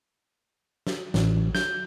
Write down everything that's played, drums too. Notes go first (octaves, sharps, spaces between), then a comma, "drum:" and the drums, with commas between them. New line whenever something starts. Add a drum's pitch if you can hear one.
drum: snare
A1, drum: snare
G6, drum: snare